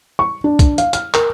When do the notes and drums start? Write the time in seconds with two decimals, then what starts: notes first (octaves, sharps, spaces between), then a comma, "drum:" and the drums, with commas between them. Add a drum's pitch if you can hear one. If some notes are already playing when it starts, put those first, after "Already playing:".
0.19 C#6
0.44 D4
0.59 drum: kick, hi-hat
0.78 F5, drum: hi-hat
0.93 F6, drum: hi-hat
1.14 A#4, drum: clap